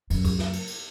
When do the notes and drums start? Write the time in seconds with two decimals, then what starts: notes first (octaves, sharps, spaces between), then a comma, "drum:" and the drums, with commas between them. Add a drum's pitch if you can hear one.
0.10 F#2, drum: cymbal
0.25 drum: kick, cymbal
0.39 drum: snare
0.53 drum: cymbal
0.67 drum: cymbal